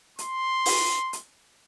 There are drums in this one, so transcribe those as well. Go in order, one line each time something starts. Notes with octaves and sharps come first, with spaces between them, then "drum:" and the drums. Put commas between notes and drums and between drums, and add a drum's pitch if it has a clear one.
C6, drum: hi-hat
drum: open hi-hat
drum: hi-hat